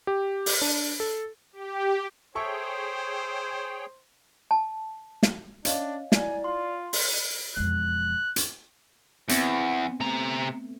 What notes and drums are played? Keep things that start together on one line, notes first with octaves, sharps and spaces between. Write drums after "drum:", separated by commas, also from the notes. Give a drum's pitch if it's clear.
G4
drum: open hi-hat
D4
A4
G4
G#4 A4 C5 C#5 E5 G5 C#6
A5
drum: snare
C#4 D4 C#5 D#5 F5, drum: hi-hat
E4 D5 G#5, drum: snare
F4 C6
drum: open hi-hat
E1 F2 F#6
drum: hi-hat
E2 B3 C4, drum: hi-hat
C3 A3 A#5